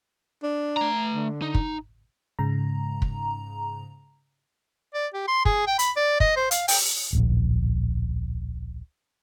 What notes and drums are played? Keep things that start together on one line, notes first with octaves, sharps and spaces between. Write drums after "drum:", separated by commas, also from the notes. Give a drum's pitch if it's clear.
D4
A3 A#5
D3
D#4
drum: kick
G#2 C#3 A#5
drum: kick
D5
G4
C6
G#4, drum: kick
G5
B5, drum: hi-hat
D5
D#5, drum: kick
C5
F5, drum: hi-hat
G5, drum: open hi-hat
D1 A#1